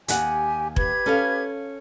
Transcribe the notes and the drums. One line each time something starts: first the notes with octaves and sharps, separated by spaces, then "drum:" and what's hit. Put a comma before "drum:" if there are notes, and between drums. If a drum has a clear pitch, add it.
D#2 G4 F#5 G#5, drum: hi-hat
G4 B4 G#6, drum: kick F1
C#4 A4 F5